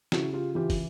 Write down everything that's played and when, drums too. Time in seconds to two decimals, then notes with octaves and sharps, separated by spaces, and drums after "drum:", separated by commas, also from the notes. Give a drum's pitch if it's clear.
0.12 C#3 E4 F#4, drum: snare
0.33 F4 G4
0.55 E3 F4 G4
0.70 drum: kick, open hi-hat